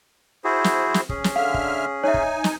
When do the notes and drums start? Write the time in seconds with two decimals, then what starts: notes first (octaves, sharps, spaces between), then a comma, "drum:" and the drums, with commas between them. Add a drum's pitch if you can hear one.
0.45 E4 F#4 G#4 C5
0.64 drum: snare
0.94 drum: snare
1.09 C#4 G#4, drum: kick
1.24 drum: snare
1.36 D3 E5 F5 F6
1.54 drum: kick
2.03 D#4 C#5 E5 G#5
2.14 drum: kick
2.44 drum: snare